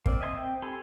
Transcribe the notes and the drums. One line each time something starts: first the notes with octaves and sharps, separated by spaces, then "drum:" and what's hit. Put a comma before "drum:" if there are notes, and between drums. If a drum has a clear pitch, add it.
A#3 C4 D5, drum: kick
D#5 E5 G#5 C6 D#6
C4 G5
G4 A4 G#5 B5 C6